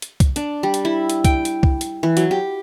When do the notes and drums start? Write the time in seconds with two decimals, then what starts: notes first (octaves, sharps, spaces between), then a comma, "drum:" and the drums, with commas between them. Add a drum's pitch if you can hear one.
0.02 drum: hi-hat
0.20 drum: kick C2, hi-hat
0.36 D4, drum: hi-hat
0.63 G3
0.74 drum: hi-hat
0.85 E4
1.10 drum: hi-hat
1.25 G5, drum: kick C2, hi-hat
1.45 drum: hi-hat
1.63 drum: kick C2
1.81 drum: hi-hat
2.03 E3
2.17 F#3, drum: hi-hat
2.31 G4